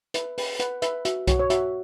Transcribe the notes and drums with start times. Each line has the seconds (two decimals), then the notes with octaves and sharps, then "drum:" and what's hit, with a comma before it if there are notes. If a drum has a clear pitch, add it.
0.14 B4 E5, drum: hi-hat
0.38 B4, drum: open hi-hat
0.60 B4 F#5, drum: hi-hat
0.82 B4 E5, drum: hi-hat
1.05 F#4 E5, drum: hi-hat
1.27 F#4 C#5, drum: kick C2, hi-hat
1.39 C#5
1.50 F#4 E5, drum: hi-hat